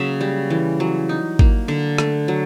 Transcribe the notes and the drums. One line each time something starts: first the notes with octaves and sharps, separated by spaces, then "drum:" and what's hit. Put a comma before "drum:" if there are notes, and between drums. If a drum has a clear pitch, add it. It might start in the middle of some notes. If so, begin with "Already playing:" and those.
Already playing: C#3 F#3 A#3 E5
G3
E3
F#3
D#4
A#3, drum: kick G#1
D3
A3, drum: rim click
F#3